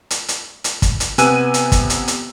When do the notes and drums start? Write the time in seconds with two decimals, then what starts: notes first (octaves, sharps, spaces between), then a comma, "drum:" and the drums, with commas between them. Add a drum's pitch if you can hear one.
0.11 drum: hi-hat
0.28 drum: hi-hat
0.64 drum: hi-hat
0.82 drum: kick, hi-hat
1.00 drum: hi-hat
1.18 C3 B3 G#5 E6 F#6 D#7, drum: hi-hat
1.54 drum: hi-hat
1.72 drum: kick, hi-hat
1.90 drum: hi-hat
2.08 drum: hi-hat